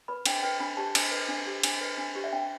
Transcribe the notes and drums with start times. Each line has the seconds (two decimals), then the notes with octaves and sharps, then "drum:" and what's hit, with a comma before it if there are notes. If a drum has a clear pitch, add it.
0.08 B4 B5
0.26 D4 G5, drum: cymbal
0.43 B4 G5
0.60 D4 B5
0.77 G4 A5
0.95 D4, drum: cymbal
1.11 B4
1.28 D4
1.46 G4
1.63 D4, drum: cymbal
1.81 B4
1.98 D4
2.15 G4
2.24 E5
2.33 D4 G5